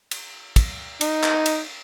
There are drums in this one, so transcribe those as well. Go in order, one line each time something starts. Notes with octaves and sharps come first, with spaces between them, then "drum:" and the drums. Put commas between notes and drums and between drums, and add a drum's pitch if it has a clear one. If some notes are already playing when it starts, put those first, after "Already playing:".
drum: cymbal
drum: kick, cymbal
D#4, drum: cymbal
drum: clap
drum: cymbal